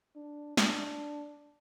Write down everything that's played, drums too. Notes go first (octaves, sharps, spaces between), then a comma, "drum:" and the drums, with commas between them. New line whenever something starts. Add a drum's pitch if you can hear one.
D4
D4, drum: snare